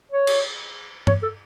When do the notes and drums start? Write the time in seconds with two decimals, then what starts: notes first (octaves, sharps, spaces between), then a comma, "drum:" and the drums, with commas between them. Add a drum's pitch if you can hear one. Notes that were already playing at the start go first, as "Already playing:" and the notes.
0.12 C#5
0.27 drum: cymbal
1.07 C#5, drum: tom G2
1.23 A4